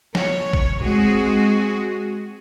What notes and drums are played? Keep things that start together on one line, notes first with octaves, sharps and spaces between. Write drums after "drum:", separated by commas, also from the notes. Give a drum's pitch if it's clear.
C#5, drum: snare
drum: kick A1
G#3 C4 F#4 G#4